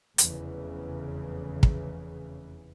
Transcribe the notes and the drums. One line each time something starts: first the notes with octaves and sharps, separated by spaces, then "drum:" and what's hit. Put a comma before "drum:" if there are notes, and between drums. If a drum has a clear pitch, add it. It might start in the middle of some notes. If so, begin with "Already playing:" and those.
F1 E2 C#3 E3, drum: hi-hat
drum: kick